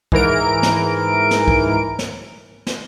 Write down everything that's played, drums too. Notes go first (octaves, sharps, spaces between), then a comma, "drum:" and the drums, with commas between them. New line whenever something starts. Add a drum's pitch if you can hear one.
G#2 E3 A#4 D7, drum: kick
drum: snare
drum: snare
drum: kick
drum: snare
drum: snare